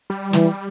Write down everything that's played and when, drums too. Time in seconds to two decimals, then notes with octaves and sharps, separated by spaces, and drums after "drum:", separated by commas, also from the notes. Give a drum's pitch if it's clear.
0.10 G3
0.33 E3, drum: snare